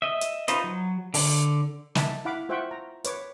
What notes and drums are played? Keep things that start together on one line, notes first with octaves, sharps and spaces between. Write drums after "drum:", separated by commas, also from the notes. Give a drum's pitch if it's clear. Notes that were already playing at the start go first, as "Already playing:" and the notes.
D#5 E5
drum: hi-hat
D#4 F4 B4 C5 D#5, drum: hi-hat
F#3
D3, drum: open hi-hat
D#4 E5 A5 D6, drum: snare
E4 F5 F#5 B5 D6
F4 C5 E5 F#5 G5 C#6
A#5
B4 C#5 D6, drum: hi-hat